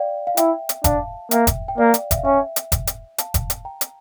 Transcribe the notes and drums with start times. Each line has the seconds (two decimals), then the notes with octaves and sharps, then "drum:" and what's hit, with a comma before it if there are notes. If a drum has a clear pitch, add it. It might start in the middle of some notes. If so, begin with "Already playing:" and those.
Already playing: D5 F5 G5
0.27 F5
0.37 E4 E5 G5, drum: hi-hat
0.69 drum: hi-hat
0.84 D4 F5 A5, drum: kick F1, hi-hat
1.31 A#3 E5 G5, drum: hi-hat
1.47 drum: kick F1, hi-hat
1.68 G5
1.78 A#3 D5 F5
1.94 drum: hi-hat
2.11 E5, drum: kick F1, hi-hat
2.18 F5
2.25 C#4 E5 G5
2.56 drum: hi-hat
2.72 drum: kick F1, hi-hat
2.87 drum: hi-hat
3.18 F5 A5, drum: hi-hat
3.34 drum: kick F1, hi-hat
3.50 drum: hi-hat
3.65 G5 A#5
3.81 drum: hi-hat